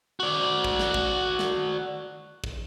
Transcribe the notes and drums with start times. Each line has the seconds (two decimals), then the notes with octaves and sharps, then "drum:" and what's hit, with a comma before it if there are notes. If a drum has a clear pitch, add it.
0.20 F#4 D5
0.64 drum: kick
0.79 drum: snare
0.94 drum: kick
1.39 drum: snare
2.44 drum: kick